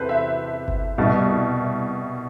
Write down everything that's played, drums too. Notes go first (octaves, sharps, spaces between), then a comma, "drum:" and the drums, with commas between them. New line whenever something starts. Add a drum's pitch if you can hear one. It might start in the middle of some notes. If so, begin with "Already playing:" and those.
Already playing: E2 C3 A4 B4 C5
E5
drum: kick G1
C2 B2 G3